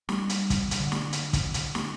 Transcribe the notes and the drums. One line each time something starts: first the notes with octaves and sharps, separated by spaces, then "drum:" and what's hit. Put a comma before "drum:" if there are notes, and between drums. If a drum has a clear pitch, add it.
G3, drum: snare
drum: hi-hat
drum: kick, hi-hat
drum: hi-hat
D3
drum: snare
drum: hi-hat
drum: kick, hi-hat
drum: hi-hat
drum: snare